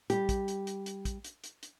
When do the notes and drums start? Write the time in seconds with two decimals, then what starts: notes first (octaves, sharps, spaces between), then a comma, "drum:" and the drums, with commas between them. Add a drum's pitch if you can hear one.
0.10 G3 G4, drum: hi-hat
0.29 drum: kick, hi-hat
0.48 drum: hi-hat
0.67 drum: hi-hat
0.86 drum: hi-hat
1.05 drum: kick, hi-hat
1.24 drum: hi-hat
1.44 drum: hi-hat
1.63 drum: hi-hat